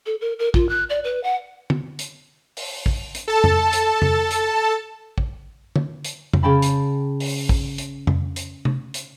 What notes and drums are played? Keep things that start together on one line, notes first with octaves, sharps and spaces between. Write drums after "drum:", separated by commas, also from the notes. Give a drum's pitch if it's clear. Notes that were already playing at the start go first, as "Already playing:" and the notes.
A4
A#4
A#4
F4, drum: kick
F#6
D5
B4
F#5
drum: tom
drum: hi-hat
drum: open hi-hat
drum: kick
drum: hi-hat
A4 A5
drum: tom F2
drum: hi-hat
drum: tom F2
drum: hi-hat
drum: kick
drum: tom
drum: hi-hat
drum: tom F2
C#3 C#4 G5 A5 B5
drum: hi-hat
drum: open hi-hat
drum: kick
drum: hi-hat
drum: tom F2
drum: hi-hat
drum: tom C3
drum: hi-hat